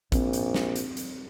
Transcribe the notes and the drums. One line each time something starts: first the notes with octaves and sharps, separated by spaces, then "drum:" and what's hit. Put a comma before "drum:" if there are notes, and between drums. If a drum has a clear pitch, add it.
A#1 C4, drum: kick A1, hi-hat
drum: hi-hat
drum: snare
drum: hi-hat
drum: hi-hat